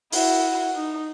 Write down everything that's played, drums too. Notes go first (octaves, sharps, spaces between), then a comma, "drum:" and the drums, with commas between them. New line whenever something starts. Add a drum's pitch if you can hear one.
E4 F#4, drum: open hi-hat
D#4